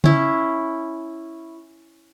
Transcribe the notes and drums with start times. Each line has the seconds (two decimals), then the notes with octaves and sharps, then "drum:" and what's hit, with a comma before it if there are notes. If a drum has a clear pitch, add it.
0.04 C#4 E4, drum: tom C#3